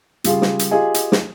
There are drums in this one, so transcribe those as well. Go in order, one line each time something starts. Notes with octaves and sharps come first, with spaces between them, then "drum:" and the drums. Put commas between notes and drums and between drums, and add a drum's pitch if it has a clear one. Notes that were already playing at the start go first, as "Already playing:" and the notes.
C#3 G3 F4 G#4, drum: hi-hat
drum: snare
drum: hi-hat
F4 G4 G#4 D#5 G#5
drum: hi-hat
drum: snare